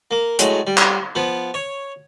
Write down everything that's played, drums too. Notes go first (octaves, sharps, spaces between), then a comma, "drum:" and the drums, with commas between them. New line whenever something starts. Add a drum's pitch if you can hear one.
A#3
A2 F#3 G#3, drum: hi-hat
G3
drum: clap
F3 B3
C#5